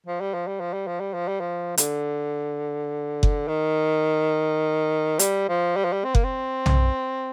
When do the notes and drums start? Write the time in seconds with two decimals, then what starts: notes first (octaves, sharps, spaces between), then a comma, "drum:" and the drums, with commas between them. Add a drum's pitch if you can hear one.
0.07 F3
0.21 G3
0.34 F3
0.47 G3
0.60 F3
0.73 G3
0.87 F3
1.00 G3
1.14 F3
1.28 G3
1.40 F3
1.77 D3, drum: hi-hat
3.23 drum: kick F#1
3.48 D#3
5.19 G3, drum: hi-hat
5.49 F3
5.76 G3
5.85 F3
5.93 G3
6.04 C4
6.15 A#3, drum: kick F#1
6.24 C4
6.66 drum: tom B1